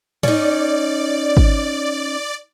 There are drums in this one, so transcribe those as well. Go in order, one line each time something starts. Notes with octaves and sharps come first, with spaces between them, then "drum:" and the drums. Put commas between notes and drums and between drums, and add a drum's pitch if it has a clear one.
C#4 D#4 D5, drum: tom G#2
drum: kick G#1